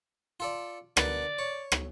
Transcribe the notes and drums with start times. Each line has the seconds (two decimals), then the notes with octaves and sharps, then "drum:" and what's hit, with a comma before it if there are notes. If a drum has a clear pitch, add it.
0.40 F4 A4 D5
0.97 D3 A#4 B4 D5, drum: rim click
1.39 C#5
1.72 drum: rim click